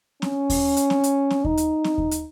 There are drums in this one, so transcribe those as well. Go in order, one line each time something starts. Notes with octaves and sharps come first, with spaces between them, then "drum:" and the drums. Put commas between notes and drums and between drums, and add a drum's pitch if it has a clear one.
C#4, drum: snare C4
drum: kick D#2, open hi-hat
drum: hi-hat
drum: snare C4
drum: hi-hat
drum: snare C4
D#4, drum: kick D#2
drum: hi-hat
drum: snare C4
drum: kick D#2
drum: hi-hat